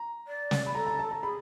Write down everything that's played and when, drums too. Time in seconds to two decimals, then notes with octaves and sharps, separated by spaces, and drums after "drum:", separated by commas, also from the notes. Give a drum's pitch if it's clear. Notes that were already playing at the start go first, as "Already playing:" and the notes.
Already playing: A#5
0.28 D5
0.51 drum: snare
0.66 B5
0.75 A4 A#5
0.87 A#5
0.99 A5
1.11 A#5
1.23 G#4 B5